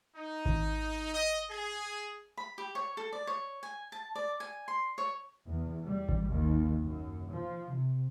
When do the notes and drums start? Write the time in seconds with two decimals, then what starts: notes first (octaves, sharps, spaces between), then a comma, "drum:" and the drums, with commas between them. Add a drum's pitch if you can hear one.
0.16 D#4
0.46 drum: kick G#1
1.14 D#5
1.50 G#4
2.37 B5
2.58 G4
2.75 C#5
2.97 A4
3.13 D5
3.27 C#5
3.63 G#5
3.92 A5
4.15 D5
4.40 G#5
4.68 C6
4.98 C#5
5.46 E2
5.85 G3
6.09 drum: kick G#1
6.28 D#2
6.84 F#2
7.30 F3
7.73 C3